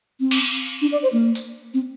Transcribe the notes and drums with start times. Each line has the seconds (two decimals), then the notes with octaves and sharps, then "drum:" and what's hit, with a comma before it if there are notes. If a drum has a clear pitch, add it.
0.20 C4
0.31 drum: cymbal
0.82 D4
0.92 D5
1.03 C5
1.13 A#3
1.35 drum: open hi-hat
1.74 C4